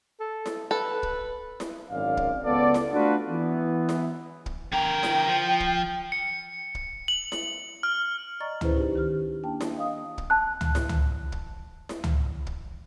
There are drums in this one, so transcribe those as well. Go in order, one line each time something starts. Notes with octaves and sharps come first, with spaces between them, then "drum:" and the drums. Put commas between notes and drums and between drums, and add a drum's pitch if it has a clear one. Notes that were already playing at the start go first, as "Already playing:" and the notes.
A4
drum: snare E4
A4 B4
drum: kick
drum: snare E4
G#1 F#2 D5 F5
drum: kick
C#2 B3 A4 D5
drum: snare E4
A3 D4 F4 F#4 A4 B4
E3 B3
drum: snare E4
drum: kick
D3 A#4 G5
drum: snare E4
F3
drum: kick
C#7
drum: kick
F#7
drum: snare E4
F6
D5 D#5 A#5 C#6 A6
C#4 E4 G#4 B4 C5, drum: tom C#2
C#4 D#4 G4
D#3 C#4 G4 F6
A#3 D4 G5 A5
drum: snare E4
D#5 F5 D#6
drum: kick
A5 F#6
drum: tom C#2
drum: snare E4
drum: tom C#2
drum: kick
drum: snare E4
drum: tom C#2
drum: kick